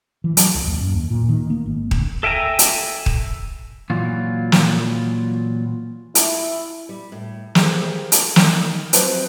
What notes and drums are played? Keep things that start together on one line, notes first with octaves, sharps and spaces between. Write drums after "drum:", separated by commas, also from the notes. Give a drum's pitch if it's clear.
E3
F#3, drum: hi-hat
C2
D#2
F#2
D#2
A#2
D#3
A#3
G#1
D2, drum: kick D#1
A4 E5 G5 G#5 A#5
drum: hi-hat
drum: kick D#1
A#2 E3 F#3 F4
drum: snare
E4, drum: hi-hat
G3
A2
G4 G#4 A#4 C5 E5 F5, drum: snare
drum: hi-hat
D#3, drum: snare
F3 F#3 C4 E4 B4 C5, drum: hi-hat